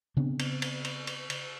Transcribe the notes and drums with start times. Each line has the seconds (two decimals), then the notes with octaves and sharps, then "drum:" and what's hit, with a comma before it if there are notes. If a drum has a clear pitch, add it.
0.17 C#3 B3 C4 D4
0.39 drum: cymbal
0.62 drum: cymbal
0.85 drum: cymbal
1.07 drum: cymbal
1.30 drum: cymbal